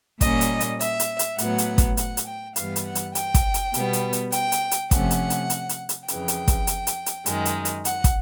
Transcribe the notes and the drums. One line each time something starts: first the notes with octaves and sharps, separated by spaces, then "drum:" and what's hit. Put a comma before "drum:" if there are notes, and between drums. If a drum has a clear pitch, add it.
A#2 G3 A#3 C#4 D#5, drum: kick, hi-hat
drum: hi-hat
drum: hi-hat
E5, drum: hi-hat
drum: hi-hat
drum: hi-hat
A2 F#3 B3 F#5, drum: hi-hat
drum: hi-hat
drum: kick, hi-hat
F#5, drum: hi-hat
drum: hi-hat
G5
G2 E3 G3 B3 F5, drum: hi-hat
drum: hi-hat
F#5
drum: hi-hat
G5, drum: hi-hat
drum: kick, hi-hat
drum: hi-hat
B2 G3 B3, drum: hi-hat
drum: hi-hat
drum: hi-hat
G5, drum: hi-hat
drum: hi-hat
drum: hi-hat
C3 F3 A3 C#4 F#5, drum: kick, hi-hat
drum: hi-hat
drum: hi-hat
drum: hi-hat
drum: hi-hat
drum: hi-hat
F2 C#3 E3 G5, drum: hi-hat
drum: hi-hat
drum: kick, hi-hat
drum: hi-hat
drum: hi-hat
drum: hi-hat
F#2 D#3 G#3, drum: hi-hat
drum: hi-hat
drum: hi-hat
F#5, drum: hi-hat
drum: kick, hi-hat